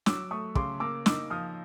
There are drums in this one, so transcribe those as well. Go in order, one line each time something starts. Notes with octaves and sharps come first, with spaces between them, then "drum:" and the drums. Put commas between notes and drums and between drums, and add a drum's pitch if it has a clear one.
F#3 D6 E6, drum: snare
A3 C#6 D#6
C#3 C6 D6, drum: kick
A#3 D6 E6
D#4 D6 E6, drum: snare
F3 D#6 F6